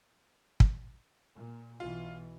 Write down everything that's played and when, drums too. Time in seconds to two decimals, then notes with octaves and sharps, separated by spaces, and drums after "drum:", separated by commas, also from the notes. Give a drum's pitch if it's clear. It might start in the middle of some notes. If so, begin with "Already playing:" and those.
0.60 drum: kick
1.33 A#2
1.80 B1 B2 E3 F4